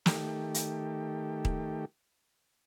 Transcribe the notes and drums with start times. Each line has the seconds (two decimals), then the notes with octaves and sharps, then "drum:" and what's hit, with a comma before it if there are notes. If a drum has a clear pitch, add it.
0.06 D#3 A3 G4, drum: snare
0.54 drum: hi-hat
1.45 drum: kick D#1